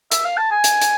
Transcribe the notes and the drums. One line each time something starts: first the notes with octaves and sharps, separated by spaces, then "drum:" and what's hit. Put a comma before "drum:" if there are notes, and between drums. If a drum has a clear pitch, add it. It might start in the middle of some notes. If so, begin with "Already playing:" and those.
E5, drum: hi-hat
F5
A5
G#5
drum: hi-hat
drum: hi-hat